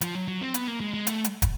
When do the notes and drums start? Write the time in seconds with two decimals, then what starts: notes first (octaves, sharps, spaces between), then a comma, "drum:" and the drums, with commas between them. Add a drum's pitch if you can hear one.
0.01 F3, drum: hi-hat
0.15 F#3
0.28 F#3
0.41 C4
0.54 B3, drum: hi-hat
0.68 A#3
0.80 G#3
0.94 G#3
1.07 A3, drum: hi-hat
1.24 drum: hi-hat
1.42 drum: kick, hi-hat